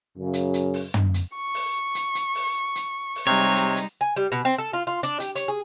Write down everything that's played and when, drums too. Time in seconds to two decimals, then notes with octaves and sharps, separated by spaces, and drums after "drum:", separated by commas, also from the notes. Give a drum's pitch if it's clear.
0.17 F#2 C#3
0.33 drum: hi-hat
0.54 drum: hi-hat
0.74 drum: open hi-hat
0.94 drum: tom
1.14 drum: hi-hat
1.36 C#6
1.54 drum: open hi-hat
1.95 drum: hi-hat
2.15 drum: hi-hat
2.35 drum: open hi-hat
2.75 drum: hi-hat
3.16 drum: open hi-hat
3.27 C3 G3 G#3 D#4 C#5
3.56 drum: hi-hat
3.76 drum: hi-hat
4.01 G#5
4.16 G3
4.32 B2
4.45 C4
4.58 A4
4.73 F4
4.87 F4
5.03 D4
5.20 G4, drum: hi-hat
5.35 C#5, drum: hi-hat
5.48 G#4